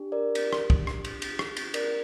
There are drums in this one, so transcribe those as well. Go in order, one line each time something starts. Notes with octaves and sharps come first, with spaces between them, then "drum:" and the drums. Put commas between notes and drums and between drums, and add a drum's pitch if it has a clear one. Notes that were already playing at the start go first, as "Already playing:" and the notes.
Already playing: D4 G4
A#4 D5
drum: cymbal
drum: rim click
drum: kick
drum: rim click
drum: cymbal
drum: cymbal
drum: rim click
drum: cymbal
A#4 D5, drum: cymbal